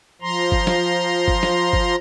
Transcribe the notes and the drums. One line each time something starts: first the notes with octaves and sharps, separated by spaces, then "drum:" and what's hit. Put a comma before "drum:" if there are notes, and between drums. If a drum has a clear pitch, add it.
F3 A#5 C6
drum: kick G1
drum: snare
drum: kick G1
drum: snare
drum: kick G1